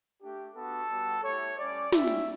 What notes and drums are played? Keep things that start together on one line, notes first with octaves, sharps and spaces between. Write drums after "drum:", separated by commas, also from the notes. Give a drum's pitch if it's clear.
A3 D4 G4
B3 D4 F#4 A4
G3 B3 F#4
A3 E4 G4 C#5
G3 C#4 G4 D5
G3 C#4 E4 G4 E5, drum: snare
drum: hi-hat